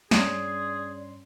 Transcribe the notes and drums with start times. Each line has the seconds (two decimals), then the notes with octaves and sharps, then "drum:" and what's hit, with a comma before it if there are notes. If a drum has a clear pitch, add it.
0.11 G2 C#4 G#4 D5 C6, drum: snare